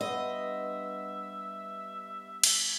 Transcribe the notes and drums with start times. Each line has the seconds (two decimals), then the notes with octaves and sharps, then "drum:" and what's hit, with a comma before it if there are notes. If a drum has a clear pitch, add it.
0.01 G2 B3 C5 D#5 E5
2.43 drum: cymbal